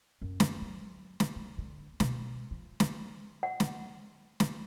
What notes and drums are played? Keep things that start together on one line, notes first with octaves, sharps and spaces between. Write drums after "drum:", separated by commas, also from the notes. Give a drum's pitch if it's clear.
F#2
drum: snare
F#3
drum: snare
C#3
D3
B2, drum: snare
F3
drum: snare
F#5
drum: snare
drum: snare